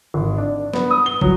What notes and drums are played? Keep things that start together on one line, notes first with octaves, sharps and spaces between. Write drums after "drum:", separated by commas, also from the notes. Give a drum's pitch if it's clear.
G#1
D4
B3, drum: snare
D#6
G7
F#3, drum: kick